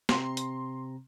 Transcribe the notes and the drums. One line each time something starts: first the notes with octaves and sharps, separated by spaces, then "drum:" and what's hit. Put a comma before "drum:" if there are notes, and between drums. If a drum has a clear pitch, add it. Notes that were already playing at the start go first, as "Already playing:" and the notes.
C3 C4 A#5 C6, drum: snare
drum: hi-hat